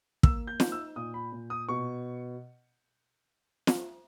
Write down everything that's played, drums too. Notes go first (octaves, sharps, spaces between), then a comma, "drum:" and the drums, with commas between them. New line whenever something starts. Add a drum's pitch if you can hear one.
A#3 E6, drum: kick
G6
D#4, drum: snare
E6
A#2 D#6
B5
A#2
D#6
B2 C#6
drum: snare